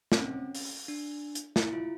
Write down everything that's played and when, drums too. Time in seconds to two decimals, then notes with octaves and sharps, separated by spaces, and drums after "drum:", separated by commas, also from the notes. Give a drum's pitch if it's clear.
0.12 C4, drum: snare
0.20 C#4
0.55 drum: open hi-hat
0.88 D4
1.35 drum: hi-hat
1.56 E4, drum: snare
1.73 F4